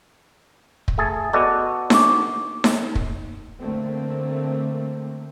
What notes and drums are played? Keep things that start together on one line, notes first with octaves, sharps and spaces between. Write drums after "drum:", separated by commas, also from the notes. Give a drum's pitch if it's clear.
drum: kick
A3 G#4 A5
B3 F#4 A4 D5 D#5 D6
D4 C#6 D6, drum: snare D#4
drum: snare D#4
drum: kick
D3 A3 A#3 C4